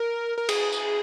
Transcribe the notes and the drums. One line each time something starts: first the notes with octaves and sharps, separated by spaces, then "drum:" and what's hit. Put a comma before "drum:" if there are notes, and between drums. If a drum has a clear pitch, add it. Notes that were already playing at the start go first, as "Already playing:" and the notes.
Already playing: A#4
A#4
G#4, drum: cymbal
drum: tambourine